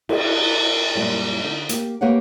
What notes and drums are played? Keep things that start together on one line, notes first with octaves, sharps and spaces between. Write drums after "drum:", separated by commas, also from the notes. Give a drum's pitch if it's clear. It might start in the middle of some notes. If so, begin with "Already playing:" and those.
E4 G4 G#4, drum: cymbal
F#2 A#2 F3 G3 D5
D3 D#4
A#3 G4, drum: hi-hat
A#3 G4 B4 C#5 F5 F#5